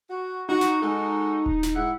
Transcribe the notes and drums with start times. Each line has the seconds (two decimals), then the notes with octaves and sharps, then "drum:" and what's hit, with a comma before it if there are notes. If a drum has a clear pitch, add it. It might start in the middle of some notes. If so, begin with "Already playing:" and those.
0.10 F#4
0.49 D#4 F#4
0.61 drum: snare
0.82 G#3 D#4 F#4 A4
1.46 drum: kick D#1
1.63 drum: snare
1.75 G#2 E4 F#5